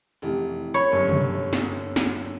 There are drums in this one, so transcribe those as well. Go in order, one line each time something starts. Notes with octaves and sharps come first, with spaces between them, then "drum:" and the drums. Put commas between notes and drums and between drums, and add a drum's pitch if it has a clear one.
F1 E3
C#5 B5 C#6
G1 F#2
drum: tom
drum: snare
drum: snare